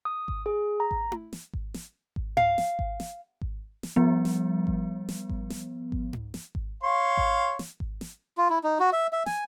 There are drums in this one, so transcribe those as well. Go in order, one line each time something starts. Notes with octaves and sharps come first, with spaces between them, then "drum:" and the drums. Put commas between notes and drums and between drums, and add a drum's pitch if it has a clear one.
D#6
drum: kick G#1
G#4
A#5
drum: kick G#1
drum: tom E4
drum: snare
drum: kick G#1
drum: snare
drum: kick G#1
F5, drum: tom G#2
drum: snare
drum: kick G#1
drum: snare
drum: kick G#1
drum: snare
F3 G3 B3
drum: snare
drum: kick G#1
drum: snare
drum: kick G#1
drum: snare
drum: kick G#1
drum: tom G#2
drum: snare
drum: kick G#1
C#5 F5 C6
drum: kick G#1
drum: snare
drum: kick G#1
drum: snare
F4
E4
D#4
F#4
E5
E5
G#5, drum: snare